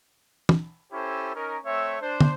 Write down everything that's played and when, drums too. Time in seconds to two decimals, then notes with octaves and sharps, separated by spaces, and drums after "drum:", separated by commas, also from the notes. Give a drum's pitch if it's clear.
0.49 drum: tom
0.92 C#4 E4 G4 A4 C5
1.35 C#4 D#4 A#4
1.65 A3 C4 C#5 E5
2.01 D4 C5
2.21 drum: tom